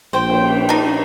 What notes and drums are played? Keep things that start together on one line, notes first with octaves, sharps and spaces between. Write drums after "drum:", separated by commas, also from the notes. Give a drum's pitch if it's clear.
A#1 C5 G5
drum: cymbal
D4 D#4